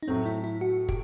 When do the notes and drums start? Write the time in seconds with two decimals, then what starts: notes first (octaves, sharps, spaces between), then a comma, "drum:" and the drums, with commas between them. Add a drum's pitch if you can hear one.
0.03 D#4
0.08 A2 F#3 A3 C4
0.26 E4
0.44 E4
0.61 F#4
0.89 G4, drum: kick